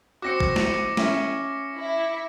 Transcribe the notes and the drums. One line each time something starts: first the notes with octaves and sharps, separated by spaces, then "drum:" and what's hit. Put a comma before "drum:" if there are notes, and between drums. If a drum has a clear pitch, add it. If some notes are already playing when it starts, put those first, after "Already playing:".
C4 F#4 D6 A#6 C#7
drum: kick
drum: snare
C#4 E5, drum: snare
E4